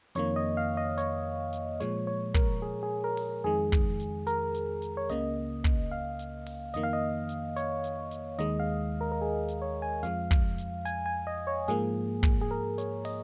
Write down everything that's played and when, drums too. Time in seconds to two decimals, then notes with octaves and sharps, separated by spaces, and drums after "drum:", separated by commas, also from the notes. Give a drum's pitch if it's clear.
0.15 F2 D#3 A#3 C#5, drum: hi-hat
0.36 D#5
0.57 F5
0.77 D#5
0.98 C#5, drum: hi-hat
1.53 drum: hi-hat
1.80 A#2 F3 G#3 C#5, drum: hi-hat
2.07 C#5
2.34 A#4, drum: kick, hi-hat
2.62 G#4
2.83 G#4
3.04 A#4
3.17 drum: open hi-hat
3.44 F2 D#3 G#3 G#4
3.72 drum: kick, hi-hat
4.00 drum: hi-hat
4.27 A#4, drum: hi-hat
4.54 drum: hi-hat
4.82 drum: hi-hat
4.97 C#5
5.09 C#2 C#3 A#3 D#5, drum: hi-hat
5.64 drum: kick
5.91 F5
6.19 drum: hi-hat
6.47 drum: open hi-hat
6.74 F2 D#3 A#3 D#5, drum: hi-hat
6.83 F5
6.93 D#5
7.29 drum: hi-hat
7.56 C#5, drum: hi-hat
7.84 drum: hi-hat
8.11 drum: hi-hat
8.39 D#2 D#3 G#3 D#5, drum: hi-hat
8.60 F5
9.01 A#4
9.12 A#4
9.21 G#4
9.48 drum: hi-hat
9.62 C#5
9.82 G#5
10.03 F2 F3 G#3 F5, drum: hi-hat
10.31 drum: kick, hi-hat
10.58 drum: hi-hat
10.85 G#5, drum: hi-hat
11.06 G#5
11.27 D#5
11.47 C#5
11.68 G#2 F3 A#3 G#4, drum: hi-hat
12.23 drum: kick, hi-hat
12.41 G#4
12.51 A#4
12.78 C#5, drum: hi-hat
13.05 D#5, drum: open hi-hat